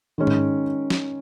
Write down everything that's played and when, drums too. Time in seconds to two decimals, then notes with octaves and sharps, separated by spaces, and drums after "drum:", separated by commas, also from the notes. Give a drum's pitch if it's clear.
0.18 D#3 G#3 C#4
0.27 drum: tom G#2
0.90 drum: snare